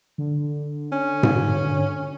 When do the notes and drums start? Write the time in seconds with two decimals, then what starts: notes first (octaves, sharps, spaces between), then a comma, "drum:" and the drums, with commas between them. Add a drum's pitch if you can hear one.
0.18 D3
0.92 C#4
1.23 drum: tom G#2